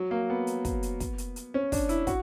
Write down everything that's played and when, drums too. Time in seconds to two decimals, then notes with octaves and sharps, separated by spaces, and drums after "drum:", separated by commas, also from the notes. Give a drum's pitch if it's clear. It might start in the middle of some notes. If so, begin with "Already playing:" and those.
Already playing: F#3
0.11 A#3
0.30 B3
0.47 drum: hi-hat
0.65 drum: kick, hi-hat
0.83 drum: hi-hat
1.00 drum: kick, hi-hat
1.18 drum: hi-hat
1.36 drum: hi-hat
1.54 C#4
1.72 D4, drum: kick, open hi-hat
1.89 E4, drum: hi-hat
2.07 F#4, drum: kick, hi-hat